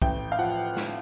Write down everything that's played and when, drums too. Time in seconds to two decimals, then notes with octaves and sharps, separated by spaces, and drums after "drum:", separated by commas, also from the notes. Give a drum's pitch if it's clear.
0.02 A1 G5, drum: kick
0.32 F5
0.39 F3 F#5
0.77 drum: snare